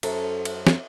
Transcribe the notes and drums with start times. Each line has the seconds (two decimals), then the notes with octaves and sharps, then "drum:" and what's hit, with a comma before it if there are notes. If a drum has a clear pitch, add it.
0.03 F#2 C#4 A4 C5 A#5, drum: cymbal
0.45 drum: cymbal
0.67 drum: snare